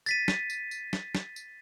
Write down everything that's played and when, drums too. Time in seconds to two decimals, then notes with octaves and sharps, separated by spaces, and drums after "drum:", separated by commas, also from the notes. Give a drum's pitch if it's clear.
0.06 A6 B6 D#7, drum: tambourine
0.28 drum: snare
0.50 drum: tambourine
0.71 drum: tambourine
0.93 drum: snare
1.15 drum: snare
1.36 drum: tambourine